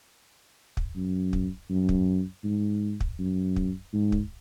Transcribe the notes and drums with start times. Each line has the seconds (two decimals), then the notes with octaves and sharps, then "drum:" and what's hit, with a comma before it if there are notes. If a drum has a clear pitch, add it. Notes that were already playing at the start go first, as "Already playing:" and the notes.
0.77 drum: kick
0.96 F#2
1.33 drum: kick
1.70 F#2
1.89 drum: kick
2.44 G#2
3.00 drum: kick
3.19 F#2
3.56 drum: kick
3.93 G#2
4.12 drum: kick